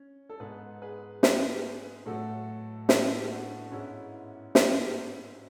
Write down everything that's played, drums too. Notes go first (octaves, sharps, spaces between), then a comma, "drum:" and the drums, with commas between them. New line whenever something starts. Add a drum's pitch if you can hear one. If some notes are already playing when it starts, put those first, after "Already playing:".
Already playing: C#4
A4
G#2 G#3 B3 G#4 B4
G#4 B4
G#4 B4, drum: snare
A2 F#3 A3 F#4 A4
E4 G#4, drum: snare
D4 F#4
F#4
G#2 G#3 B3 C#4 E4
drum: snare